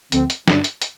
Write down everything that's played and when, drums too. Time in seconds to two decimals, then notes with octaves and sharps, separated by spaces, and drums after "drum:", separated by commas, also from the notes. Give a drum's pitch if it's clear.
0.12 D2 D3 F3 C4, drum: hi-hat
0.30 drum: hi-hat
0.48 G2 D3 G3 D4, drum: snare
0.64 drum: hi-hat
0.82 drum: hi-hat